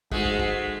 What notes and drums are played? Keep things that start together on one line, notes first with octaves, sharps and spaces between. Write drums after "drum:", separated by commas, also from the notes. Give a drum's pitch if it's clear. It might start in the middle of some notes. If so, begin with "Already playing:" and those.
G#2 G#3 A3 F#4 F#5, drum: kick
drum: kick
drum: kick